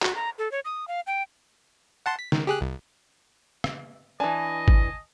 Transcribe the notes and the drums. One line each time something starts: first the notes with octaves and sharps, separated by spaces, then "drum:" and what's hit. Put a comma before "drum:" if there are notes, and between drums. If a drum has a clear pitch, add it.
F#4, drum: clap
A#5
A4
C#5
D#6
F5
G5
F#5 A5 C6
B6
D#3, drum: snare
G4 G#4 F#6
C2
drum: rim click
E3 D4 D#5 G#5 A5
drum: kick